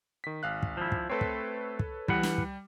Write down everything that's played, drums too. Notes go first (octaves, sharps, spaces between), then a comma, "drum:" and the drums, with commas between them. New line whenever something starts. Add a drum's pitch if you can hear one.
D#3 B6
G#1 F5 F#6
drum: kick
F3 E4
drum: kick
A3 C4 A4 B4 C#5
drum: kick
drum: kick
E3 G3 B4 F#5, drum: kick
drum: snare
drum: kick